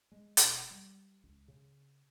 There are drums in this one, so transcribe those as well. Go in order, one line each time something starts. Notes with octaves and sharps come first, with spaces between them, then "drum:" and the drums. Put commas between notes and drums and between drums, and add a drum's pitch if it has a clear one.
G#3
E1, drum: hi-hat
G3
C#2
C#3